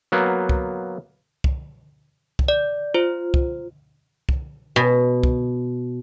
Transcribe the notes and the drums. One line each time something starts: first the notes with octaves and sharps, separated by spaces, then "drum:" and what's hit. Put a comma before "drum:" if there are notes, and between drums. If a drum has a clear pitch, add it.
F#3 A#3 B3
drum: kick
drum: kick
drum: kick
D5
F4 C5
drum: kick
drum: kick
B2
drum: kick